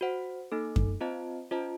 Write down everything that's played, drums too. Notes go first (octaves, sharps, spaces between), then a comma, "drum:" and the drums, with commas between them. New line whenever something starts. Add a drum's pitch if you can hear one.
F#4 C5 F#5
A#3 D#4 A4
drum: kick F#2
C4 F4 C5 D#5 A5
C#4 F4 C5 D#5 A5